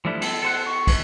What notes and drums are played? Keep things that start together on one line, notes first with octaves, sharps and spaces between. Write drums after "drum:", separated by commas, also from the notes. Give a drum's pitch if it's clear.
F3 G3 A3 D4 E4
A4, drum: cymbal
A4 C5 F#5
C#6
drum: kick, cymbal